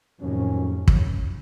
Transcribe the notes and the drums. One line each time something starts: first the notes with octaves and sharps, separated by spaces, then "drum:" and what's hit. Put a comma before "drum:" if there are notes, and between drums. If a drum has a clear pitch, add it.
F2 A2 C3 D#3 F#3 A#3 C#4
drum: kick